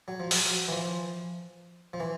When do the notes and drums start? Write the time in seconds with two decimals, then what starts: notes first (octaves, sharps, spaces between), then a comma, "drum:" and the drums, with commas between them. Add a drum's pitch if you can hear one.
0.08 F#3
0.20 F3
0.31 F#3, drum: open hi-hat
0.68 E3
0.72 F3
1.93 F3
2.00 E3